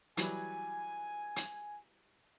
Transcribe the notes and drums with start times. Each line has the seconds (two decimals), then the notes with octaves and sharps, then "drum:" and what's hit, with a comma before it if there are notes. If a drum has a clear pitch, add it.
0.17 E3 F#3 G3 G#5, drum: hi-hat
1.36 drum: hi-hat